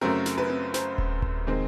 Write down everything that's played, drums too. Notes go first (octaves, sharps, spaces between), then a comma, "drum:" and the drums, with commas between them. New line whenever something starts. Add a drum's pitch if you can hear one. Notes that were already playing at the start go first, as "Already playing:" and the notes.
F#2 C#3 F#3 A3 C4 A#4
drum: snare
B4
drum: tom C4
C5, drum: snare
drum: kick D#1
drum: kick D#1
C3 D#3 G#3 C4